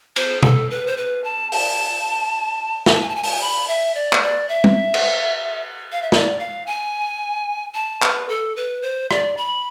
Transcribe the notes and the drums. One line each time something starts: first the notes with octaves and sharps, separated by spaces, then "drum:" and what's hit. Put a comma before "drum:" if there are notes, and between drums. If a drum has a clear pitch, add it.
C5, drum: cymbal
A4, drum: tom B2
B4
C5
B4
A5
A5, drum: open hi-hat
G#5, drum: snare
A5
G#5
A5
G#5
A5, drum: open hi-hat
G#5
B5
E5
D5
drum: clap
D5
E5
drum: tom G3
drum: cymbal
F5
E5
D5, drum: snare
F5
G#5
A5
B4, drum: clap
A4
B4
C5
D5, drum: rim click
B5